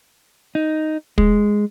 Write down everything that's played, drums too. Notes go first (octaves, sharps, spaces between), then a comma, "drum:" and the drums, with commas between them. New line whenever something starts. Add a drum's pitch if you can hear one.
D#4
G#3, drum: kick